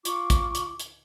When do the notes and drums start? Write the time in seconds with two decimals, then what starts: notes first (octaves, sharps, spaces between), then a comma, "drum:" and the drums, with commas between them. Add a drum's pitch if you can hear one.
0.05 F4 C#6 D6, drum: hi-hat
0.30 drum: kick, hi-hat
0.55 drum: hi-hat
0.80 drum: hi-hat